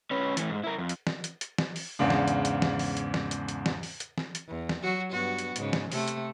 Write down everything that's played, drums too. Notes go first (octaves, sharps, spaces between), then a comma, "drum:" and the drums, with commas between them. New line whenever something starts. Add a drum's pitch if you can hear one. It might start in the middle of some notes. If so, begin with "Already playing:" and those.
C#4 B4
E3 A3, drum: hi-hat
G#2
E4 A#4
F2
drum: hi-hat
drum: snare
drum: hi-hat
drum: hi-hat
drum: snare
drum: open hi-hat
E2 G#2 C#3 D4
drum: snare
drum: hi-hat
drum: hi-hat
drum: snare
drum: open hi-hat
drum: hi-hat
drum: snare
drum: hi-hat
drum: hi-hat
drum: snare
drum: open hi-hat
drum: hi-hat
drum: snare
drum: hi-hat
E2
drum: snare
F#3 F#4
G2 B3 F#4
drum: hi-hat
G#2 C#3, drum: hi-hat
drum: snare
C3 A3, drum: open hi-hat
drum: hi-hat